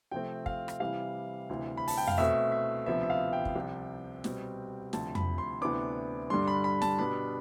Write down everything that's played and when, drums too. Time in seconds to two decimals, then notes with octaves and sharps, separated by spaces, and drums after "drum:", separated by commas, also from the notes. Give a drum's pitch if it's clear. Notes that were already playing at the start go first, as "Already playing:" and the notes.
0.11 C3 F3 A3 C4 G5
0.46 F5, drum: kick
0.68 drum: rim click
0.80 C3 E3 G3 F5
1.49 D2 C3 E3
1.77 B5
1.88 A5, drum: open hi-hat
1.98 G5
2.07 F5, drum: tom F2
2.18 B2 A3 C4 E5
2.52 E5
2.86 D2 C3 F3 B3 E5
3.03 E5
3.10 F5
3.33 G5
3.45 drum: kick
3.56 C2 C3 F3
4.24 B2 G3 C4, drum: snare
4.93 D2 C3 F3 A5, drum: snare
5.15 B5, drum: tom F2
5.38 C6
5.61 D2 C3 E3 B3 D4 D6
6.30 G2 D3 G3 D4 C6
6.48 B5
6.64 B5
6.82 A5, drum: snare
6.99 B2 G3 B3 D4 B5